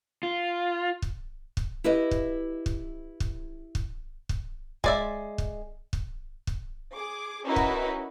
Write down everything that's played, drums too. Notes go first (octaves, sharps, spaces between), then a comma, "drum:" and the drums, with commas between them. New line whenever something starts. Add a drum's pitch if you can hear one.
F4
drum: kick
drum: kick
E4 G4 B4 D#5
drum: kick
drum: kick
drum: kick
drum: kick
drum: kick
G#3 D5 E5, drum: kick
drum: kick
drum: kick
drum: kick
G#4 D6
C#4 D#4 E4 F#4 A#4 B4
drum: kick